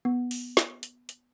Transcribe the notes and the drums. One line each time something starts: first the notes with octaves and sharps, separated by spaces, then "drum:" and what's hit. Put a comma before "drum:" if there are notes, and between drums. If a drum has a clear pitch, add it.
B3
drum: open hi-hat
drum: snare
drum: hi-hat
drum: hi-hat